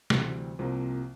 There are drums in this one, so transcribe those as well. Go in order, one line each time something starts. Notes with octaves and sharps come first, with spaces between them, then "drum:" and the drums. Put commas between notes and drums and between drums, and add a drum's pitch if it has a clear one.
D2 C3 E3 G3 C4, drum: snare
C2 C3 F3 A#3